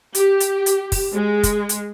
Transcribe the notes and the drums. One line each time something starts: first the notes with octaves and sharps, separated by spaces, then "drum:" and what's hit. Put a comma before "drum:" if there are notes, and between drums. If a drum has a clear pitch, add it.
G4, drum: hi-hat
drum: hi-hat
drum: hi-hat
drum: kick, open hi-hat
G#3
drum: kick, hi-hat
drum: hi-hat